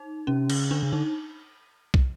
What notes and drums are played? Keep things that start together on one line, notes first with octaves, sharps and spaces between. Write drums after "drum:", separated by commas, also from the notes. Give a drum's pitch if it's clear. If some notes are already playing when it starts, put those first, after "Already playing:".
Already playing: D#4
C3 C#4
C#3, drum: cymbal
D3 D4
C#3
D3 D#4
drum: kick